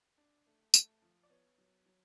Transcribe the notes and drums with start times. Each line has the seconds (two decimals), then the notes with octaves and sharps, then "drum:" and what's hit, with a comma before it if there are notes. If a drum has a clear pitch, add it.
0.18 D4
0.47 A3
0.74 A3, drum: tambourine
1.02 F3
1.23 D5
1.30 B3 C#5
1.58 F#3
1.86 F#3